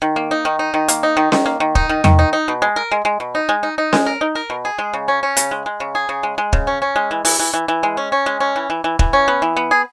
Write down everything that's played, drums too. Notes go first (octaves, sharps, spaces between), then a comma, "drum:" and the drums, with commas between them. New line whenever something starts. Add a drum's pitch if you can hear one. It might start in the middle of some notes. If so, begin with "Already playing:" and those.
D#3
A#3
D#4
D#3
D#4
D#3
A#3, drum: hi-hat
D#4
D#3
D#3, drum: snare C#4
A#3
D#3
D#4, drum: kick
D#3
D#3, drum: tom E2
D#4
D#4
B2
G#3
A#4
G#3
G#3
B2
D#4
G#3
D#4
D#4
G#3, drum: snare C#4
A#4
D#4
A#4
B2
G#4
G#3
C#3
C#4
C#4
C#3, drum: hi-hat
G#3
G#3
C#3
G#4
C#3
G#3
G#3
C#3, drum: kick
C#4
C#4
G#3
E3
E3, drum: open hi-hat
E3
E3
E3
G#3
C#4
C#4
G#3
C#4
E3
E3
E3
E3, drum: kick
C#4
B3
E3
B3
G#4